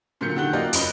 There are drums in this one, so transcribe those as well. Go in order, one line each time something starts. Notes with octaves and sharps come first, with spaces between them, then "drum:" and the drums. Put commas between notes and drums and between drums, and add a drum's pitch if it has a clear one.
A#2 D3 F#3 A#3 G6 C#7
D3 D#3 G4 F#5 F#6 G7
F#3 A#3 F4 G4 D5 D#5
F#1 C#4 D#5 B5 G7, drum: hi-hat